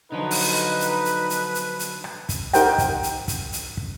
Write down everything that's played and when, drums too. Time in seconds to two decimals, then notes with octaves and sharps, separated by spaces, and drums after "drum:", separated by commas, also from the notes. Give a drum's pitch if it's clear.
0.12 D3 F3 F#3 D#4 B4
0.31 drum: open hi-hat
0.80 drum: hi-hat
1.05 drum: hi-hat
1.30 drum: hi-hat
1.54 drum: hi-hat
1.79 drum: hi-hat
2.04 drum: rim click
2.29 drum: kick, hi-hat
2.54 D#4 G4 A#4 C5 F#5 G5, drum: hi-hat
2.78 drum: kick, hi-hat
3.03 drum: hi-hat
3.28 drum: kick, hi-hat
3.53 drum: hi-hat
3.77 drum: kick